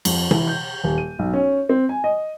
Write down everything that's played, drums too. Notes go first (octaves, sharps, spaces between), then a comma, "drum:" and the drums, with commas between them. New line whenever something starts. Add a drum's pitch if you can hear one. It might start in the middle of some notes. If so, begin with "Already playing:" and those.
F2, drum: cymbal
E3, drum: tom
G6
D#1
D#7
B1
C#4
C4
G#5
D#5